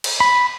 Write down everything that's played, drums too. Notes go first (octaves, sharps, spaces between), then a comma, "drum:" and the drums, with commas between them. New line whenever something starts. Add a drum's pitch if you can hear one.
drum: cymbal
B5